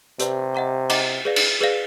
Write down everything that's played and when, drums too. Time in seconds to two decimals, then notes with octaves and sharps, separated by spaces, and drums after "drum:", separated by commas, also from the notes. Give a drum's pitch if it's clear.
0.19 C3 G4 B4 D5, drum: hi-hat
0.55 D#5 F#5 A#5 D6
0.90 D#5 F#5 A#5 D6, drum: cymbal
1.25 G#4 B4 D5 F5
1.36 drum: cymbal
1.61 G#4 B4 D5 F5